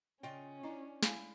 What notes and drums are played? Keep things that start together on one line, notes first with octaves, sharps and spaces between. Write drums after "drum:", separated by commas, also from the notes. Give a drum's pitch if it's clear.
C#3 C#4 F4 D#5 G5
D4 E4 D#5 A#5
G#3 E4 F5 G#5, drum: snare